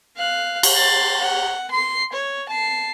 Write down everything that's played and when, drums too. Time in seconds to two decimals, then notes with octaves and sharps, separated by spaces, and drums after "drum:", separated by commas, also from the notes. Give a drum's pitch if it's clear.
0.17 F5 F#6
0.63 drum: cymbal
0.75 C6 A6
1.20 F#5
1.71 C6 C7
2.13 C#5
2.49 A5 C7